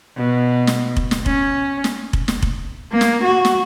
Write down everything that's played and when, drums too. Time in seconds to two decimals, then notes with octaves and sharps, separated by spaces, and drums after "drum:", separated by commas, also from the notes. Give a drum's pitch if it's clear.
0.17 B2
0.67 drum: snare
0.97 drum: kick F1
1.11 drum: snare
1.26 C#4, drum: kick F1
1.84 drum: snare
2.13 drum: kick F1
2.28 drum: snare
2.42 drum: kick F1
2.92 A#3
3.01 drum: snare
3.24 F#4
3.45 drum: snare